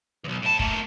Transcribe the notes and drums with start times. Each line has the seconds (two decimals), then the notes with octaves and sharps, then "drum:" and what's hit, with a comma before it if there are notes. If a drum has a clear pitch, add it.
0.24 B1 E2
0.43 A2 A5
0.59 A3 A#3, drum: kick